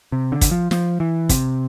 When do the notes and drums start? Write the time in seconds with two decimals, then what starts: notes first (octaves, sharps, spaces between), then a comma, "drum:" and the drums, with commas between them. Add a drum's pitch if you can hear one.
0.12 C3
0.32 D3
0.41 drum: kick, hi-hat
0.51 F3
0.71 F3, drum: snare
1.00 E3
1.29 C3, drum: kick, hi-hat